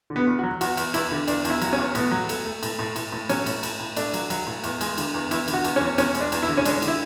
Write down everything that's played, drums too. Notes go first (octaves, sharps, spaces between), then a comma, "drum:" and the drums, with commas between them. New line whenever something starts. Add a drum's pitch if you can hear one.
D3
B3
E2
F#4
F#3
E2 F#4, drum: cymbal
E2, drum: cymbal
E2 E4, drum: cymbal
D3
E2 D4, drum: cymbal
E2, drum: cymbal
E4
F#3, drum: cymbal
C#4
E2
A2 B3, drum: cymbal
F#3
A3, drum: cymbal
A3
A2, drum: cymbal
A2
A2, drum: cymbal
A2
F#3 C#4, drum: cymbal
A2, drum: cymbal
A2, drum: cymbal
A2
A3 D4, drum: cymbal
F#3, drum: cymbal
F#3, drum: cymbal
A2
E2, drum: cymbal
G#3, drum: cymbal
D3, drum: cymbal
E2
E2 E4, drum: cymbal
D3, drum: cymbal
F#4
E2, drum: cymbal
C#4
E2
E2 C#4, drum: cymbal
G#3, drum: cymbal
D4
E2, drum: cymbal
E4
D3
C#4
G#3 D4, drum: cymbal
D3, drum: cymbal
E4